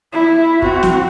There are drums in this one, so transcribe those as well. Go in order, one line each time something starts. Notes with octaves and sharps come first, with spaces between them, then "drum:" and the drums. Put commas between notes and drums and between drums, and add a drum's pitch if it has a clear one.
E4
C4 F#4, drum: kick
drum: snare